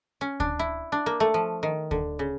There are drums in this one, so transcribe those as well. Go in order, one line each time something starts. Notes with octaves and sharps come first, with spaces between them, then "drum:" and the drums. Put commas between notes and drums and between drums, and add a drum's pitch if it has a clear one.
C#4
D4, drum: kick D2
E4
D4
A#3
A3
F3
D#3
D3, drum: kick D2
C#3